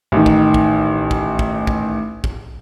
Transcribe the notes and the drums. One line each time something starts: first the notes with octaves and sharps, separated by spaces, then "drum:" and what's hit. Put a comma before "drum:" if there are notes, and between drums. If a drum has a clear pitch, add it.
A1 D#3
drum: kick
drum: kick
drum: kick
drum: kick
drum: kick
drum: kick